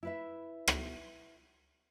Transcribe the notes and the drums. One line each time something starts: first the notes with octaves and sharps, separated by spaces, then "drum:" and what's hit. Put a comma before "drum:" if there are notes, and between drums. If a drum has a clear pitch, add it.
E4 B4 E5
drum: rim click